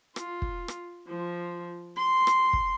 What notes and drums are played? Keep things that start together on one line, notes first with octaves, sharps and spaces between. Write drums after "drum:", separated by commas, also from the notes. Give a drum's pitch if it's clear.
F4, drum: rim click
drum: kick
drum: rim click
F3
C6
drum: rim click
drum: kick